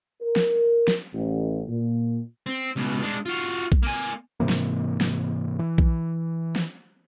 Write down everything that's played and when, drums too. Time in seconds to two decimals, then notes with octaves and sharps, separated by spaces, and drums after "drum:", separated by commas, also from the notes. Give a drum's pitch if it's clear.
0.21 A#4
0.36 drum: snare
0.88 drum: snare
1.13 A1
1.69 A#2
2.46 C4
2.76 C#2 B2
3.02 G#3 D4
3.26 F4 F#4
3.72 drum: kick A#1
3.83 A#3 G#5
4.40 G#2 C3 E3 A#3
4.49 drum: snare
5.01 drum: snare
5.59 E3
5.78 drum: kick A#1
6.56 drum: snare